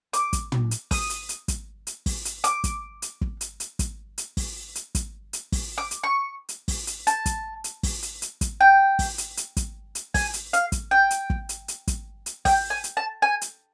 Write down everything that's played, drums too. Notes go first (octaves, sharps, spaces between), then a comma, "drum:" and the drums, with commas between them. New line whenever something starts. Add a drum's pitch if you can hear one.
D6, drum: hi-hat
drum: kick, hi-hat
drum: tom
drum: hi-hat
D#6, drum: kick, open hi-hat
drum: hi-hat
drum: hi-hat
drum: kick, hi-hat
drum: hi-hat
drum: kick, open hi-hat
drum: hi-hat
D6, drum: hi-hat
drum: kick, hi-hat
drum: hi-hat
drum: kick
drum: hi-hat
drum: hi-hat
drum: kick, hi-hat
drum: hi-hat
drum: kick, open hi-hat
drum: hi-hat
drum: kick, hi-hat
drum: hi-hat
drum: kick, open hi-hat
D6
drum: hi-hat
C#6
drum: hi-hat
drum: kick, open hi-hat
drum: hi-hat
A5, drum: hi-hat
drum: kick, hi-hat
drum: hi-hat
drum: kick, open hi-hat
drum: hi-hat
drum: hi-hat
drum: kick, hi-hat
G5
drum: kick, open hi-hat
drum: hi-hat
drum: hi-hat
drum: kick, hi-hat
drum: hi-hat
G#5, drum: kick, open hi-hat
drum: hi-hat
F5, drum: hi-hat
drum: kick, hi-hat
G5
drum: hi-hat
drum: kick
drum: hi-hat
drum: hi-hat
drum: kick, hi-hat
drum: hi-hat
G5, drum: kick, open hi-hat
G#5
drum: hi-hat
A5
G#5
drum: hi-hat